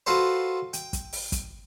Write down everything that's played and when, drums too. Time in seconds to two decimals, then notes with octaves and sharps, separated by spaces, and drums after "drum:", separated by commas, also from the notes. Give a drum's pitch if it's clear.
0.06 F4 F#4 A4 B4 C5
0.73 G5, drum: hi-hat
0.93 drum: kick, hi-hat
1.13 drum: open hi-hat
1.32 drum: kick, hi-hat